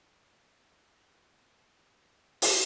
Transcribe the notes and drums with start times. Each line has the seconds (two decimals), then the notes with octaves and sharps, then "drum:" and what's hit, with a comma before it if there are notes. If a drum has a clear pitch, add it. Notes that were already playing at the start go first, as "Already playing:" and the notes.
0.20 E4
1.14 D4
1.77 D4
2.42 drum: open hi-hat